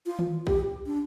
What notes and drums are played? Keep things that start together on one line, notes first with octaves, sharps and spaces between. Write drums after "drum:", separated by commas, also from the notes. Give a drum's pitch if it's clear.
F4
drum: tom D#3
G4, drum: kick B1
D4